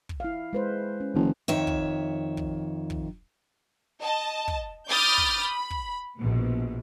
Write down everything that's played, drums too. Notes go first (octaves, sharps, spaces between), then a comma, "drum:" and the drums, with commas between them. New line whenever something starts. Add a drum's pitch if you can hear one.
drum: kick
E4 F5
G#3 B4 C5
C#4
F#1 D3 E3
F2 D#3 C#5 E5
drum: kick
drum: kick
drum: kick
D#5 A5
drum: kick
B5 D6 D#6 F6 G6 A6
drum: kick
B5
drum: kick
A#1 B2